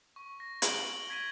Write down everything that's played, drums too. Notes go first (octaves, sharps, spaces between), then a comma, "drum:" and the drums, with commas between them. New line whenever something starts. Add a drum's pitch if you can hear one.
C#6
A#6
D7 F#7 G7, drum: hi-hat
G#6 B6 D7 D#7